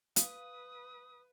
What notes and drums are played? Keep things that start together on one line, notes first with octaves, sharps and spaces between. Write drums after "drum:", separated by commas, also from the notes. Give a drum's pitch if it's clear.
B4 F5 D#6, drum: hi-hat